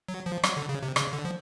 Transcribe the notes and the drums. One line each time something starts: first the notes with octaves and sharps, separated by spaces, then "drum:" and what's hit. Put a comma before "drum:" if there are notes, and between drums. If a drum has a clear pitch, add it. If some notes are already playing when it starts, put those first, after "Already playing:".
F#3
F3
F#3, drum: rim click
D3
C#3
C3
C#3, drum: rim click
D3
F3